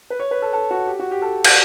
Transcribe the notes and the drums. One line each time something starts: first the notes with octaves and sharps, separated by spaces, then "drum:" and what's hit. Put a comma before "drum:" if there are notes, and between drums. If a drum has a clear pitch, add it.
B4
C#5
B4
A4
A4
F#4
G4
F#4
G4
A4
drum: cymbal